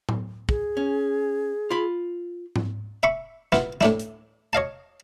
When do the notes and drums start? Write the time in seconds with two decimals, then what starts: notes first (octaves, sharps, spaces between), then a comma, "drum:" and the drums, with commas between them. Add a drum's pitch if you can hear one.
0.09 drum: tom A2
0.49 G#4, drum: kick
0.77 C#4
1.70 F4 B5
2.56 drum: tom G#2
3.03 E5 B5 C#6
3.52 B3 E4 F4, drum: snare
3.81 A2 D4 E4, drum: snare
3.99 drum: hi-hat
4.53 C#5 D#5 F5 A5